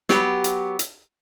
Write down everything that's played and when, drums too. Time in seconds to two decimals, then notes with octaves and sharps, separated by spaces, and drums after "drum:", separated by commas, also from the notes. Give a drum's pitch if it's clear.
0.09 F#3 B3 G4, drum: snare
0.44 drum: hi-hat
0.79 drum: hi-hat